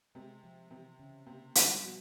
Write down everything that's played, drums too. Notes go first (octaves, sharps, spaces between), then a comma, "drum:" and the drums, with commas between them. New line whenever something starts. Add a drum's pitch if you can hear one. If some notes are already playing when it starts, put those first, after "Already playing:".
C3 G#3
F3
C3 E3
C#3
C3 A#3
G3, drum: hi-hat
B2 F3